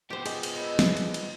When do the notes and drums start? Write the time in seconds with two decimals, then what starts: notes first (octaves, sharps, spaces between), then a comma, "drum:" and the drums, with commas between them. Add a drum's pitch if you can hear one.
0.10 F3 B3 G4 C5
0.26 G#4 D#5, drum: cymbal
0.43 drum: cymbal
0.55 D#4 B4 E5
0.79 drum: snare
0.97 drum: cymbal
1.14 drum: cymbal